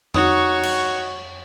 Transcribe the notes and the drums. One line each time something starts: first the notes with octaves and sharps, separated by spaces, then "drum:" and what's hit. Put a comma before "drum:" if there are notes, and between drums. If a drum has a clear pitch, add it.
D#4 F#4 C#5, drum: tom F2
drum: cymbal